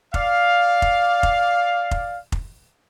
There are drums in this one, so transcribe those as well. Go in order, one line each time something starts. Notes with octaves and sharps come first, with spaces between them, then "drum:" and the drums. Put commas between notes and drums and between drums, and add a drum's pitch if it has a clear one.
D5 F5, drum: kick F1
drum: kick F1
drum: kick F1
drum: kick F1
drum: kick F1